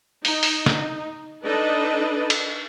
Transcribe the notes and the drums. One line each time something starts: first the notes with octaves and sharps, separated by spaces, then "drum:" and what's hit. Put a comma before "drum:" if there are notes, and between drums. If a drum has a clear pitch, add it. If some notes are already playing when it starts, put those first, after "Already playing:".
D#4, drum: open hi-hat
drum: open hi-hat
drum: snare
D4 D#4 A4 B4 D5 D#5
drum: cymbal